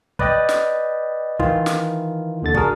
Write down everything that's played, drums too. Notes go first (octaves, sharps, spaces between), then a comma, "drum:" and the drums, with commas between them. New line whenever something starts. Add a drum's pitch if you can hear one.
B4 D5 D#5 G5, drum: kick
drum: snare
D#3 E3 F4, drum: kick
drum: snare
D#2 D3 A6
D4 F#4 G#4 A#4, drum: kick